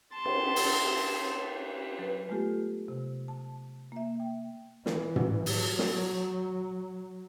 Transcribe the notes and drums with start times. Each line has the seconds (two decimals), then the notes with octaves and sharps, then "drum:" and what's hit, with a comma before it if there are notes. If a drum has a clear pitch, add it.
0.13 A5 C6
0.25 drum: cymbal
0.56 drum: open hi-hat
1.99 F#3 B4
2.29 G#3 A3 B3 F4 G4 A4
2.88 C3
3.28 A5
3.92 A#3 E5
4.20 G5
4.86 E3, drum: snare
5.16 drum: tom
5.46 F#3, drum: open hi-hat
5.79 drum: snare